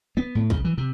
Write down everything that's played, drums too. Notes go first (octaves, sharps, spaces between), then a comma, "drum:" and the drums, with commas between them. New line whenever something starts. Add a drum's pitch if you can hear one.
B3
A2
C#3, drum: kick
E3
C3